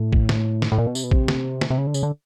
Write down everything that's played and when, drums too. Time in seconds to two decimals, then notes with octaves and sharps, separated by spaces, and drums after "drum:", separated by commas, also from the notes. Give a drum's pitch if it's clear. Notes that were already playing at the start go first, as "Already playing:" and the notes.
Already playing: A2
0.13 drum: kick
0.29 drum: snare
0.62 drum: snare
0.72 A2
0.78 A#2
0.87 B2
0.95 C3, drum: tambourine
1.04 B2
1.11 C3, drum: kick
1.28 drum: snare
1.61 drum: snare
1.70 C3
1.78 C#3
1.87 D3
1.94 C#3, drum: tambourine
2.03 D3